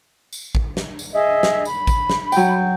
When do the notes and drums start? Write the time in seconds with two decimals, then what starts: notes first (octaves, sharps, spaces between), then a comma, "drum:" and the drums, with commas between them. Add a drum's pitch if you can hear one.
0.33 drum: tambourine
0.55 drum: kick A1
0.77 drum: snare
0.99 drum: tambourine
1.12 G#4 D#5 E5
1.43 drum: snare
1.65 B5, drum: tambourine
1.87 drum: kick A1, tambourine
2.10 drum: snare
2.32 F#3 G5, drum: tambourine